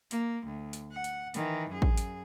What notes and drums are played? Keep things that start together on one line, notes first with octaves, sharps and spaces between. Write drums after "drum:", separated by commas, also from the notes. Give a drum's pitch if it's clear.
A#3, drum: hi-hat
D2
drum: hi-hat
F#5
drum: hi-hat
D#3 E3, drum: hi-hat
F#2 G#4
drum: kick A1
drum: hi-hat